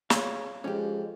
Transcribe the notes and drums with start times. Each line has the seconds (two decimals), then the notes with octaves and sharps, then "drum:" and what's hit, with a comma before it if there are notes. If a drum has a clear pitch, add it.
0.10 G#4 C#5 F5, drum: snare
0.64 F2 G#3 C#4 G4